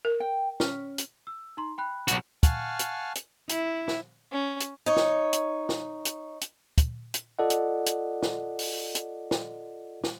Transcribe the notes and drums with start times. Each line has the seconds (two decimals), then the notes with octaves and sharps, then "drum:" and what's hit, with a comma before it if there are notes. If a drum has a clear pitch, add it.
0.05 A#4
0.20 G5
0.60 C#4, drum: snare
0.98 drum: hi-hat
1.27 E6
1.57 D#4 A#5 C6
1.78 G5 B5 F#6
2.08 B1 F#4, drum: hi-hat
2.43 F5 F#5 G#5 A5 C#6 F6, drum: kick, hi-hat
2.79 drum: hi-hat
3.15 drum: hi-hat
3.49 E4, drum: hi-hat
3.88 drum: snare
4.32 C#4
4.60 drum: hi-hat
4.86 D#4 C#5
4.97 drum: snare
5.33 drum: hi-hat
5.69 drum: snare
6.05 drum: hi-hat
6.41 drum: hi-hat
6.78 drum: kick, hi-hat
7.14 drum: hi-hat
7.39 F4 A4 D5 D#5 F#5
7.50 drum: hi-hat
7.86 drum: hi-hat
8.23 drum: snare
8.59 drum: open hi-hat
8.95 drum: hi-hat
9.31 drum: snare
10.04 drum: snare